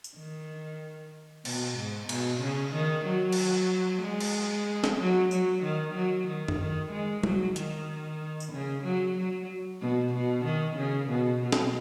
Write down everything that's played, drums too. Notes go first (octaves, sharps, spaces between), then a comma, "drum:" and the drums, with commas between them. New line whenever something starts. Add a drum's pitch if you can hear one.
drum: tambourine
D#3
B2, drum: cymbal
G#2
B2, drum: cymbal
C#3
D#3
F#3
drum: cymbal
G#3
drum: cymbal
drum: snare
F#3
F#3, drum: tambourine
D#3
F#3
D#3
drum: tom
D#3
G#3
F#3, drum: tom G3
D#3, drum: hi-hat
drum: tambourine
C#3
F#3
F#3
B2
B2
D#3
C#3
B2
B2
drum: snare